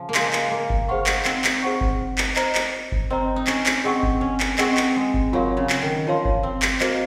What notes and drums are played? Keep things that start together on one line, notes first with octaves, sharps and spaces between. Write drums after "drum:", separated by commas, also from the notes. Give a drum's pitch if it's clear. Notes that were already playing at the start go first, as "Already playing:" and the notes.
Already playing: C#3 F3
A#3
G#3 A#4 F5 C6, drum: clap
drum: clap
A#3
drum: kick G1
F4 G#4 C5 F#5 C#6
D#4, drum: clap
C4, drum: clap
D#4, drum: clap
G#4 C5 F#5 C#6
drum: kick G1
drum: clap
C5 D#5 A#5, drum: clap
drum: clap
drum: kick G1
C4 C5 D#5 A#5
D#4
C#4, drum: clap
drum: clap
C4 G#4 D#5 F#5 C#6
drum: kick G1
C#4
drum: clap
C4 G#4 D#5 F#5 C#6, drum: clap
drum: clap
G#3
drum: kick G1
F#3 F4 A#4 C#5 F5 C6
C#3
drum: clap
D#3
F3 F4 A#4 C#5 F5 C6
drum: kick G1
C4
drum: clap
A#3 F#4 C5 D#5, drum: clap